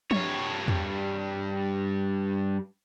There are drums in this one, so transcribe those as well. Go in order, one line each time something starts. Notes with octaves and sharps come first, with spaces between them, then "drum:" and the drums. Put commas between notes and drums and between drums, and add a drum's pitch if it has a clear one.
G2 C#5, drum: tom
drum: tom E2